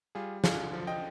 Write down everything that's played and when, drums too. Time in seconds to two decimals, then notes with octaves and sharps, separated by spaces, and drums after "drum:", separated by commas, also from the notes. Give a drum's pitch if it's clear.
0.15 G3 F4 G#4
0.44 D3 F4 G#4, drum: snare
0.73 F3
0.87 D#5 G5